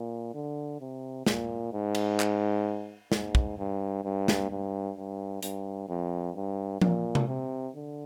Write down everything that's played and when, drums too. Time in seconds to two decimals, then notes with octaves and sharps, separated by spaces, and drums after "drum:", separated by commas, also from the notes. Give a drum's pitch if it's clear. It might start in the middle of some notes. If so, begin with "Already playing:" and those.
Already playing: A#2
0.34 D3
0.80 C3
1.26 A#2, drum: snare
1.73 G#2
1.95 drum: cymbal
2.20 drum: clap
3.12 G#2, drum: snare
3.35 drum: kick
3.58 G2
4.04 G2
4.28 drum: snare
4.50 G2
4.97 G2
5.43 G2, drum: hi-hat
5.89 F2
6.36 G2
6.81 A#2, drum: tom F3
7.15 drum: tom C3
7.28 C3
7.75 D3